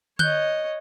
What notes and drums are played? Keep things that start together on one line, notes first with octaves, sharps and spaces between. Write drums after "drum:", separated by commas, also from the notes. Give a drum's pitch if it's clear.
C#5 D#5 F#6 G6 G7, drum: tom D3